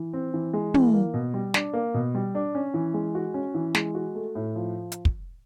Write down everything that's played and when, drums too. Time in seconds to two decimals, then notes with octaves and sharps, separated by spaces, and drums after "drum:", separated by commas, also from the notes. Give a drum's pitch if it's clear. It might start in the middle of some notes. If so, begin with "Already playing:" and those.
Already playing: E3
0.13 C4
0.34 E3
0.53 G#3
0.74 E3, drum: tom
0.93 A#3
1.14 B2
1.34 G3
1.54 D4, drum: snare
1.73 A#3
1.94 B2
2.15 G3
2.35 D4
2.55 C#4
2.74 E3
2.94 G#3
3.15 F#4
3.34 C#4
3.54 E3
3.75 G#3, drum: snare
3.95 F#4
4.15 A3
4.35 A2
4.55 F3
4.92 drum: hi-hat
5.05 drum: kick